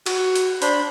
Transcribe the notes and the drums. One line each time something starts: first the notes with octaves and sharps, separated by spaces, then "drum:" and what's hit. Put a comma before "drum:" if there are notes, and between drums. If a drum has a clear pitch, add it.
F#4, drum: cymbal
drum: hi-hat
D4 C5 B5, drum: hi-hat